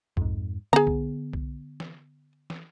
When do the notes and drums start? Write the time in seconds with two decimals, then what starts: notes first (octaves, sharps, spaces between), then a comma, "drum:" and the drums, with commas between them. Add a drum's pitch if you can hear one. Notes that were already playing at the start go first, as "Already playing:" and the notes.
0.17 F2 G#2, drum: kick B1
0.73 D3 B3 G#4 A#5
0.87 drum: kick B1
1.33 drum: kick B1
1.80 drum: snare
2.50 drum: snare